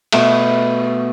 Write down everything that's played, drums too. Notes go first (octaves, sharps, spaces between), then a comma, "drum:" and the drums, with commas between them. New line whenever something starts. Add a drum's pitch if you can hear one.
B2 A3, drum: cymbal